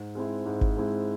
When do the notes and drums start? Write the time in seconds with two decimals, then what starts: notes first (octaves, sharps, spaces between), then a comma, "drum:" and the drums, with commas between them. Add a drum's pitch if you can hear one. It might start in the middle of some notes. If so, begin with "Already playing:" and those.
Already playing: G#2
0.15 G#3 C4 E4
0.46 G#2
0.61 drum: kick G#1
0.77 G#3 C4 E4